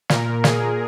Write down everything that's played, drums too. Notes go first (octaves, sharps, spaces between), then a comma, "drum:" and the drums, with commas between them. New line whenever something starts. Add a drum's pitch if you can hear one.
A#2 A#4, drum: snare
G#4, drum: snare